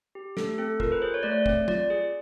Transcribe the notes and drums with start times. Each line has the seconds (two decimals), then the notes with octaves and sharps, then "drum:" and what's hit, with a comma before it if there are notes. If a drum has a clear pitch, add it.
0.15 G4
0.37 A3 A4, drum: snare
0.58 C4 A4
0.80 F4 A#4, drum: kick
0.92 B4
1.02 G#4 C5
1.14 C#5
1.23 A3 D5
1.32 C#5
1.46 C4, drum: kick
1.68 F4 D5, drum: tom
1.90 G#4